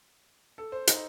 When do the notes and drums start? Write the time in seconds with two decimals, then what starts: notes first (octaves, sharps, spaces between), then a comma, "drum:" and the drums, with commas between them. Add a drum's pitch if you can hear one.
0.58 A4
0.72 C5
0.87 D#4, drum: hi-hat